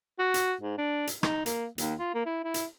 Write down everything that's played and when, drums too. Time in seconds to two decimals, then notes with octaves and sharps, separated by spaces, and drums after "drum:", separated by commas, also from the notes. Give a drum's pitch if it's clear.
0.19 F#4
0.34 drum: hi-hat
0.61 G#2
0.78 D4
1.07 drum: hi-hat
1.23 D#4, drum: rim click
1.46 A#3, drum: hi-hat
1.78 D#2, drum: hi-hat
1.99 F4
2.14 A#3
2.26 E4
2.44 E4
2.54 drum: hi-hat